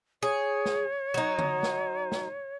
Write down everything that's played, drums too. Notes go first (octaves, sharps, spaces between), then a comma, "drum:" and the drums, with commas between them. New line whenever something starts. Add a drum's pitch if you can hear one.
G#4 C#5
drum: snare
F#3 D#4
drum: tom D3
drum: snare
drum: snare